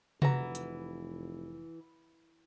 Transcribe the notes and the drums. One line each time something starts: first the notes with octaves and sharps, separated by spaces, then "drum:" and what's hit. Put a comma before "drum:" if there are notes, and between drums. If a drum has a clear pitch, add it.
F1 E3 F#4 A#5, drum: tom C3
drum: hi-hat